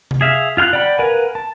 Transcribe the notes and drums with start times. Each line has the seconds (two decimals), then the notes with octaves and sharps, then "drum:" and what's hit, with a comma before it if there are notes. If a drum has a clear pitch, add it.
0.11 drum: tom C3
0.21 G#4 E5 F5
0.57 F4 F5 G5 F6 F#6
0.73 D5 F#5 G5 B5
0.99 A#4 B4 F5 F#5 G#5
1.35 A5